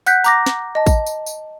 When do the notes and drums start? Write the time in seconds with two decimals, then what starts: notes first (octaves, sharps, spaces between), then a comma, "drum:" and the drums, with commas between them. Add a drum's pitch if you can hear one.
0.06 F#5 F#6 G6 B6, drum: tambourine
0.24 A#5 D6 A#6, drum: tambourine
0.46 drum: snare
0.75 D#5 A5
0.86 drum: kick A1, tambourine
1.06 drum: tambourine
1.26 drum: tambourine